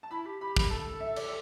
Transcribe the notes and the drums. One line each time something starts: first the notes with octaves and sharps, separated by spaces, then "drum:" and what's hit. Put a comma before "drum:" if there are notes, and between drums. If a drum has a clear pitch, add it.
A5
E4 B5
G4
G4 B5
B5, drum: kick
A4 A5
E5
D5, drum: cymbal